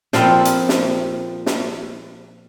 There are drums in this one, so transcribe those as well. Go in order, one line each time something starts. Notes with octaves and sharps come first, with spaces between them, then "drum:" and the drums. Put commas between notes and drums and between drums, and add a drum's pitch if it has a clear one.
A#2 F3 B3 C4 A4, drum: snare
drum: hi-hat
drum: snare
drum: snare